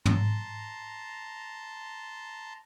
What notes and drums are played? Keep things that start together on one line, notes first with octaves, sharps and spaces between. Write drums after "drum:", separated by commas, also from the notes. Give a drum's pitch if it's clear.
A5 A#5 C6, drum: tom